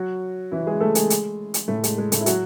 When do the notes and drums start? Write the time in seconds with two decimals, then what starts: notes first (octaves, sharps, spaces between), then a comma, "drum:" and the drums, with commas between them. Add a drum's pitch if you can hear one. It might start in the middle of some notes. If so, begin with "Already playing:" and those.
Already playing: F#3 F#4
0.52 E3 E4
0.67 G#3 G#4
0.81 A3 A4
0.95 G#3 G#4, drum: hi-hat
1.10 drum: hi-hat
1.54 drum: hi-hat
1.68 A2 A3
1.84 G#3, drum: hi-hat
1.98 G#3
2.12 A2 A3, drum: hi-hat
2.21 E4
2.26 F#3 F#4, drum: hi-hat